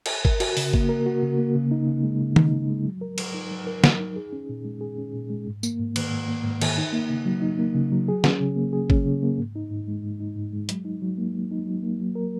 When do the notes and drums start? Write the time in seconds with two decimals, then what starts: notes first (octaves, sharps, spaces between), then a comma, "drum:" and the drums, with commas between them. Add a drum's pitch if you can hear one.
0.06 drum: cymbal
0.25 A#4, drum: kick
0.40 F#4, drum: cymbal
0.57 C#3, drum: open hi-hat
0.73 A#3, drum: kick
0.89 A#4
1.06 F#4
1.22 C#3
1.38 A#3
1.55 C#3
1.71 D#4
1.87 C#3
2.03 G#3
2.21 C#3
2.36 D#4, drum: tom D#3
2.52 C#3
2.70 G#3
2.85 F#3
3.01 A#4
3.18 F#3, drum: cymbal
3.34 D#4
3.51 F#3
3.67 A#4
3.84 F#3, drum: snare
4.00 D#4
4.16 G#4
4.32 C#4
4.49 A#2
4.64 G#3
4.81 G#4
4.98 C#4
5.14 A#2
5.30 G#3
5.47 G#2
5.63 A#3, drum: tambourine
5.79 G#2
5.96 D#3, drum: cymbal
6.11 G#2
6.28 A#3
6.44 G#2
6.61 D#3, drum: cymbal
6.78 D#4
6.93 A#3
7.10 C#3
7.26 F#3
7.42 D#4
7.59 A#3
7.75 C#3
7.92 F#3
8.08 G#4
8.24 C#4, drum: snare
8.40 C#3
8.56 A#3
8.73 G#4
8.90 C#4, drum: kick
9.05 C#3
9.23 A#3
9.38 G#2
9.55 D#4
9.71 G#2
9.88 G#3
10.03 G#2
10.20 D#4
10.36 G#2
10.53 G#3
10.69 F#3, drum: hi-hat
10.85 D#4
11.02 F#3
11.17 A#3
11.34 F#3
11.51 D#4
11.66 F#3
11.83 A#3
11.99 F#3
12.15 A#4